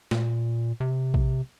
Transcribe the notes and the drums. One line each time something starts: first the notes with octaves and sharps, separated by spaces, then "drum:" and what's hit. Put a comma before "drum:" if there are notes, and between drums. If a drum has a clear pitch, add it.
A#2, drum: snare
C3
drum: kick A#1